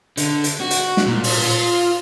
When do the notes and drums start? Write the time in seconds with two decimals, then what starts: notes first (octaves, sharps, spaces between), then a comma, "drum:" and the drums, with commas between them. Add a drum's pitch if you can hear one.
0.17 D3, drum: hi-hat
0.44 drum: hi-hat
0.61 F#4
0.71 drum: hi-hat
0.97 drum: snare
1.07 A#2
1.24 drum: open hi-hat
1.44 F4